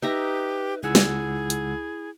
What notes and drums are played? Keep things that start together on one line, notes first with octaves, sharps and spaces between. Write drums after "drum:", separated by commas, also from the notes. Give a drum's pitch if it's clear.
D#4 G4 B4 E5 A#5
C#2 E4 G#4 F#5 E6
drum: snare
drum: hi-hat